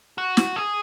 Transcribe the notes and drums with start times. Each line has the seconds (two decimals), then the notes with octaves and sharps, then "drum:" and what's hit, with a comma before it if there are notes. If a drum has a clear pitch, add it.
0.18 F#4
0.37 drum: snare
0.56 G#4